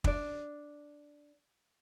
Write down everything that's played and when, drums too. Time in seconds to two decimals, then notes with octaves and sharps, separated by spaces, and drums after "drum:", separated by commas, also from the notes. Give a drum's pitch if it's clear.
0.04 D4 D5, drum: kick